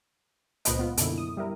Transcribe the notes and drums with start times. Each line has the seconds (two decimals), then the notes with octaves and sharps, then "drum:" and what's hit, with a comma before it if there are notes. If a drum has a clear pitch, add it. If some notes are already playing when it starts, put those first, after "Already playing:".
0.65 C#2 A#2 B4 C5 D#5, drum: hi-hat
0.79 B3 F4
0.97 F#2 B2 D3 E4, drum: hi-hat
1.18 D#6
1.37 G3 E4 A#4